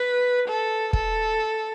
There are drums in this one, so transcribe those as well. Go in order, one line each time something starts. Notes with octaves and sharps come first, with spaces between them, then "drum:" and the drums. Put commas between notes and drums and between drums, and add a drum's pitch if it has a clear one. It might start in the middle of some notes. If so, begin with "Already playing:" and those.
Already playing: B4
A4
A4, drum: kick